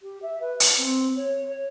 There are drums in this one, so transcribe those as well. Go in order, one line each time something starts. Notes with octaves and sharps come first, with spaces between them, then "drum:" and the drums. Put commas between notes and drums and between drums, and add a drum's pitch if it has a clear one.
G4
E5
B4
drum: hi-hat
C4
C#5